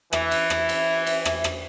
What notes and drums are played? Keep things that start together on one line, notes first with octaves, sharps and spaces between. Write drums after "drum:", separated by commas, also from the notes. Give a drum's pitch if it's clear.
E3 E5, drum: rim click
drum: cymbal
drum: rim click
drum: cymbal
drum: cymbal
drum: rim click
drum: rim click